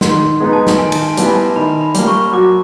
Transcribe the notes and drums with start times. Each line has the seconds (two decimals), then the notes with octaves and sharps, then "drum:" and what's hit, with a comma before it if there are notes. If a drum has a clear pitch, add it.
0.01 D#3 C6, drum: snare
0.40 G#3 B3 D#4
0.53 A5
0.67 drum: snare
0.78 D#3 G#5
0.92 A5, drum: cymbal
1.04 G#5
1.17 G3 B3 E4 A5, drum: hi-hat
1.26 G#5
1.35 A5
1.56 D#3 B5
1.81 B5
1.94 G3 A#3, drum: hi-hat
2.08 C#6
2.33 F#3 D6